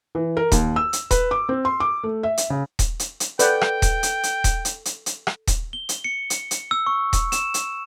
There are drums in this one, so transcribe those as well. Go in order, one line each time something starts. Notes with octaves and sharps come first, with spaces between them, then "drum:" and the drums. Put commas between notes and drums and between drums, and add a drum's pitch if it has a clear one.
E3
A#4
D#2, drum: kick D#1, hi-hat
E6
drum: hi-hat
B4, drum: kick D#1, hi-hat
D6
C4
C6
D6
A3
E5
drum: hi-hat
C#3
drum: kick D#1, hi-hat
drum: hi-hat
drum: hi-hat
A4 B4 D5 F#5 G5 G6, drum: hi-hat
drum: rim click
drum: kick D#1, hi-hat
drum: hi-hat
drum: hi-hat
drum: kick D#1, hi-hat
drum: hi-hat
drum: hi-hat
drum: hi-hat
drum: rim click
drum: kick D#1, hi-hat
G7
drum: hi-hat
C#7
drum: hi-hat
drum: hi-hat
E6
C#6
drum: kick D#1, hi-hat
E7, drum: hi-hat
drum: hi-hat